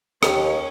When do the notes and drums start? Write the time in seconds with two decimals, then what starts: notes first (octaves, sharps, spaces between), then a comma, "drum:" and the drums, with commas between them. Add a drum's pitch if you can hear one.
0.23 D#2 C#4, drum: rim click